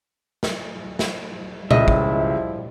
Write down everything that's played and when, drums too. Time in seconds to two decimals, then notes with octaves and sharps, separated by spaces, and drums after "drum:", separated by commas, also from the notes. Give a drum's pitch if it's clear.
0.43 drum: snare
0.99 drum: snare
1.71 C#2 F3 G3 E4 D#5 E5, drum: tom A#2
1.88 drum: kick